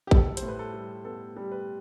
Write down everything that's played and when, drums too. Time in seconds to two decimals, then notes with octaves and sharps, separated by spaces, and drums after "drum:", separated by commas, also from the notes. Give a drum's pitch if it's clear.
0.07 G4
0.11 G3 A4, drum: kick A1
0.37 C5, drum: hi-hat
0.42 A2
0.48 B4
0.59 A4
0.74 G3
1.05 B3 A4
1.37 G3
1.52 B4